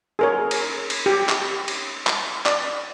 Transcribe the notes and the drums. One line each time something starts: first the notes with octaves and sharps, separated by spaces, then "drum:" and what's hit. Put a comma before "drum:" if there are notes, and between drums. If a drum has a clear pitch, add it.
G#4 A#4 C#5
drum: cymbal
drum: cymbal
G4
drum: clap
drum: cymbal
drum: clap
D5, drum: clap